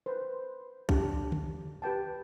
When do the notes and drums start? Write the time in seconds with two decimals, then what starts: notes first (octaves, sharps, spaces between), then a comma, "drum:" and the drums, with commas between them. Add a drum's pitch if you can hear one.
0.06 B4 C5
0.89 D4 G4, drum: kick
1.32 drum: tom D3
1.82 G4 B4 G5 A5